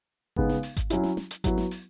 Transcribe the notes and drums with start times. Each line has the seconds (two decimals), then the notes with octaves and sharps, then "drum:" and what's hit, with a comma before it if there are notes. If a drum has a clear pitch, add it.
0.36 C#3 G#3 B3 D#4, drum: kick G#1
0.49 drum: snare
0.63 drum: open hi-hat
0.77 drum: kick G#1, hi-hat
0.90 F#3 C#4 E4, drum: hi-hat
1.04 drum: snare
1.17 drum: snare
1.31 drum: hi-hat
1.44 F#3 B3 E4, drum: kick G#1, hi-hat
1.58 drum: snare
1.71 drum: open hi-hat